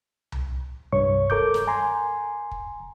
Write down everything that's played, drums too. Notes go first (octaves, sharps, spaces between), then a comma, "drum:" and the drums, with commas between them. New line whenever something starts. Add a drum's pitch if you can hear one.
drum: tom C2
C2 G2 C#5 C#6
A4 A#4 D6 G6, drum: kick
drum: snare
G#5 A#5 C6
drum: kick